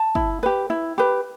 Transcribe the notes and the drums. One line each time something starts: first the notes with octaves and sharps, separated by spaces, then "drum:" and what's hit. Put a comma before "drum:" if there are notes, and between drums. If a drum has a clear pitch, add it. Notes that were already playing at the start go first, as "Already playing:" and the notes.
Already playing: A5
E4, drum: kick
G4 B4
E4
G4 B4